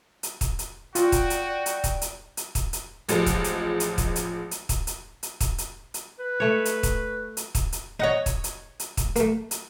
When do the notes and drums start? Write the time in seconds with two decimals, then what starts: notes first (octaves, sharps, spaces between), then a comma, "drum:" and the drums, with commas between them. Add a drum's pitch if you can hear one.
0.23 drum: hi-hat
0.41 drum: kick, hi-hat
0.59 drum: hi-hat
0.95 F4 F#4 D5 G5, drum: hi-hat
1.12 drum: kick, hi-hat
1.30 drum: hi-hat
1.66 drum: hi-hat
1.84 drum: kick, hi-hat
2.01 drum: hi-hat
2.37 drum: hi-hat
2.55 drum: kick, hi-hat
2.73 drum: hi-hat
3.09 A1 F3 G#3, drum: hi-hat
3.26 drum: kick, hi-hat
3.44 drum: hi-hat
3.80 drum: hi-hat
3.98 drum: kick, hi-hat
4.16 drum: hi-hat
4.51 drum: hi-hat
4.69 drum: kick, hi-hat
4.87 drum: hi-hat
5.23 drum: hi-hat
5.40 drum: kick, hi-hat
5.58 drum: hi-hat
5.94 drum: hi-hat
6.19 B4
6.40 A3 C#5
6.65 drum: hi-hat
6.83 drum: kick, hi-hat
7.37 drum: hi-hat
7.55 drum: kick, hi-hat
7.72 drum: hi-hat
8.00 D#4 C#5 D#5 F#5 A#5
8.26 drum: kick, hi-hat
8.44 drum: hi-hat
8.80 drum: hi-hat
8.97 drum: kick, hi-hat
9.16 A3 A#3, drum: hi-hat
9.51 drum: hi-hat